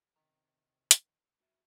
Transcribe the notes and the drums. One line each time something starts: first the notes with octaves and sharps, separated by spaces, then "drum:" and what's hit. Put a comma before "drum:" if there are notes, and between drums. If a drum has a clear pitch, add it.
C3 D#3 A#5
drum: hi-hat
F#4 E5